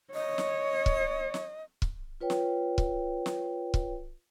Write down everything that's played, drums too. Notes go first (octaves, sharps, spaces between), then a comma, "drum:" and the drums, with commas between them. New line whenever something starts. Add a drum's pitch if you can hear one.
C#5 D#5
drum: snare
drum: kick
drum: snare
drum: kick
F4 B4 C#5 G5
drum: snare
drum: kick
drum: snare
drum: kick